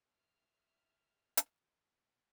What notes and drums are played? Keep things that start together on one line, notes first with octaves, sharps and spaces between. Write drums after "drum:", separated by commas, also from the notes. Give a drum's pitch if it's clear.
E5 F6
drum: hi-hat